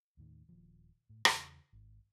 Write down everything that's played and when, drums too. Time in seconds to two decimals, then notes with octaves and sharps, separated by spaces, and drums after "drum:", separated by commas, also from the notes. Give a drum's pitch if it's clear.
0.17 D#2 A2 D#3
0.49 D#1 D#2 F3
1.09 A2
1.25 E2 C#3 E3, drum: rim click
1.73 G#1